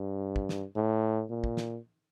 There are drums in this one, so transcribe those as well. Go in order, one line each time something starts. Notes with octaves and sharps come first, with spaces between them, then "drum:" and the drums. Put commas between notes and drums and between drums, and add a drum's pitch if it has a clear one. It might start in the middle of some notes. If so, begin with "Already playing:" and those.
Already playing: G2
drum: kick
drum: snare
A2
A#2
drum: kick
drum: snare